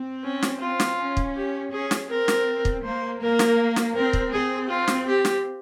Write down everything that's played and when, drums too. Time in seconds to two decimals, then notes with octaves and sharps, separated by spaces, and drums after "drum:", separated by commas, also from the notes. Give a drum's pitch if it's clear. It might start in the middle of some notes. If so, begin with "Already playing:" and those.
Already playing: C4
0.24 C#4
0.42 drum: snare
0.61 F4
0.80 drum: snare
0.98 C#4
1.17 drum: kick
1.36 G4
1.72 C#4 G#4
1.91 drum: snare
2.09 C4 A#4
2.28 drum: snare
2.65 drum: kick
2.83 A#3 C5
3.21 A#3 A#4
3.39 drum: snare
3.76 drum: snare
3.95 C4 A#4
4.13 drum: kick
4.31 C4 G#4
4.69 F4
4.88 drum: snare
5.07 G4
5.25 drum: snare